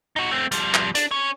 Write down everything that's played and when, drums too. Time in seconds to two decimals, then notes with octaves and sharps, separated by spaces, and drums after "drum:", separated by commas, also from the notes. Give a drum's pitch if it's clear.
0.16 D#4 F#4
0.31 A3 C4
0.52 F3 G3, drum: hi-hat
0.74 drum: clap
0.95 D4, drum: hi-hat
1.11 C#4 C#5